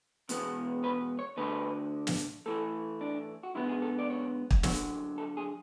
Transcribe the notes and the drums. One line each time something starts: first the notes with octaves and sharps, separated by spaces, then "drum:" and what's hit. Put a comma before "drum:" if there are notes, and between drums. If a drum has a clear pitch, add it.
E2 B2 G#3 B3, drum: hi-hat
B4
C#5
D2 D3 A3 B4
drum: snare
A2 E3 A3 A4
D4
F#4
F#2 D3 G#3 B3 E4
G#4
A4
D5
C#5
drum: kick
F#2 D3 F#3 C#5, drum: snare
A4
G#4